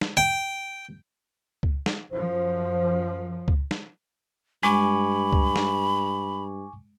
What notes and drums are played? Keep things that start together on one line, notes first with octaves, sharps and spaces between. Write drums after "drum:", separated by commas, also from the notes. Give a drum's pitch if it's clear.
drum: snare
G5
drum: kick C#2
drum: snare
F#2 F3 C5
drum: kick C#2
drum: snare
G2 G#3 G#5 B5 C#6 D6
drum: kick C#2
drum: snare